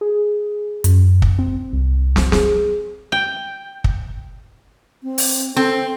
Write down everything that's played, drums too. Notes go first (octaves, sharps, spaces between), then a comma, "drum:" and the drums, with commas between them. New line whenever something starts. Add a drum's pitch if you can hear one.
G#4
F#2, drum: hi-hat
drum: kick
C4
C2
drum: snare
G#4, drum: snare
G5
drum: kick
C4
drum: open hi-hat
C4 A4